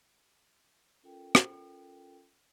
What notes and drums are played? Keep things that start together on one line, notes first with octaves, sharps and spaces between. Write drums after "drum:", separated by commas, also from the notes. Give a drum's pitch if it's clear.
C#4 F4 A4 A#4 G5
drum: rim click